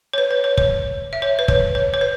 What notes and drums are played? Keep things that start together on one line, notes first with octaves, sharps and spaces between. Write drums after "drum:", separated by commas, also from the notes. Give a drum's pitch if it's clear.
C#5
B4
C#5
C#5
C#5, drum: kick
E5
C#5
B4
C#5, drum: kick
C#5
C#5
B4